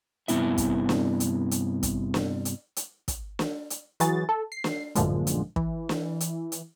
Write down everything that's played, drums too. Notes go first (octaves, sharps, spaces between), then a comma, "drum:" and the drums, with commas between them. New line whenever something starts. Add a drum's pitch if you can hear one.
G2 C3 F3 B3 E4 E5, drum: hi-hat
drum: kick, hi-hat
drum: snare
drum: hi-hat
drum: hi-hat
drum: kick, hi-hat
drum: snare
drum: hi-hat
drum: hi-hat
drum: kick, hi-hat
drum: snare
drum: hi-hat
E3 F#3 F#4 G#4 A6, drum: hi-hat
A4
C7
drum: snare
A1 F#2 A#2 D3 F3 G#3, drum: hi-hat
drum: hi-hat
E3, drum: kick
drum: snare
drum: hi-hat
drum: hi-hat